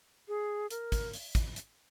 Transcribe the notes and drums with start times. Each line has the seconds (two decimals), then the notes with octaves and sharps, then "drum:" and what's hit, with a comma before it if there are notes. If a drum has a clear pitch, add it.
0.28 G#4
0.71 A#4, drum: hi-hat
0.92 drum: kick, hi-hat
1.13 drum: open hi-hat
1.35 drum: kick, hi-hat
1.56 drum: hi-hat